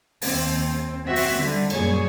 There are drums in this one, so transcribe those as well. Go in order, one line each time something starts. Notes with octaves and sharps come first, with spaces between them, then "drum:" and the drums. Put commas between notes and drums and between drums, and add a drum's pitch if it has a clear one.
D#2 C4, drum: open hi-hat
C4 F#4 E5
drum: open hi-hat
D3 G3
F#2 A#2 G3 G#4 C#5, drum: cymbal